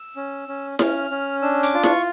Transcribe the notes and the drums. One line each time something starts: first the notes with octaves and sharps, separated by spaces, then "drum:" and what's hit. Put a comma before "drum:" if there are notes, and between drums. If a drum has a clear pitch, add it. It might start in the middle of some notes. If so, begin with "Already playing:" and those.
Already playing: E6
C#4
C#4
C#4 F6, drum: snare E4
C#4
D4 E6
D6, drum: hi-hat
F4
C#6, drum: snare E4